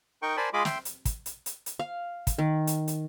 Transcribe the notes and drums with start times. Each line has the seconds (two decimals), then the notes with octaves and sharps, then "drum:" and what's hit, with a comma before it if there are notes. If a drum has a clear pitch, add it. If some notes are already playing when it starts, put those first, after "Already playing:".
0.22 D#4 A#4 G5 C#6
0.37 A#4 C5 D5 G#5 A5 B5
0.53 G#3 F4 G#4 D#5 B5 D6
0.65 E5 G5 C6, drum: snare
0.85 drum: hi-hat
1.05 drum: kick, hi-hat
1.26 drum: hi-hat
1.46 drum: hi-hat
1.66 drum: hi-hat
1.79 F5
2.27 drum: kick, hi-hat
2.38 D#3
2.67 drum: hi-hat
2.88 drum: hi-hat